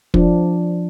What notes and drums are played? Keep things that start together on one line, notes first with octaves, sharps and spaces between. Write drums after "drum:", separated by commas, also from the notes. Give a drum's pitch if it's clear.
F3 D4, drum: kick